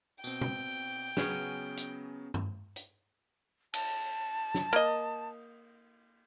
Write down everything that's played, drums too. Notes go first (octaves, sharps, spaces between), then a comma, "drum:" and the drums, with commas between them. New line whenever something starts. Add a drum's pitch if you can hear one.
B2 C4 G5, drum: tambourine
drum: tom B2
C#3 F#3 B3 C#4 G#4, drum: snare
drum: hi-hat
drum: tom G2
drum: hi-hat
A5, drum: cymbal
drum: snare
A#3 D#5